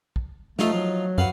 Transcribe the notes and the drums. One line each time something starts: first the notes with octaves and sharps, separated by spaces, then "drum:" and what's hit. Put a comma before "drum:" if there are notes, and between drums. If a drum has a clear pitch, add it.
drum: kick
F3 A3 D#4 F4, drum: snare
F#3
F#2 F#4 B4 F5